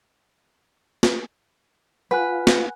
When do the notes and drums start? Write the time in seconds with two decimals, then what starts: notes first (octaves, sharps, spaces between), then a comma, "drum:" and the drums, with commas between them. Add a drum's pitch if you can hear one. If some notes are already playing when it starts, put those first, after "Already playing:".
1.03 drum: snare
2.11 F4 B4 F#5 G#5 F#6
2.47 drum: snare